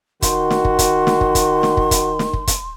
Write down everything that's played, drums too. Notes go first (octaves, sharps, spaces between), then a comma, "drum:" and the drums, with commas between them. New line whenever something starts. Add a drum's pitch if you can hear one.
D#3 F#4 C6, drum: kick, hi-hat
drum: snare
drum: kick
drum: kick, hi-hat
drum: snare
drum: kick
drum: kick, hi-hat
drum: snare
drum: kick
drum: kick, hi-hat
drum: snare
drum: kick
drum: kick, hi-hat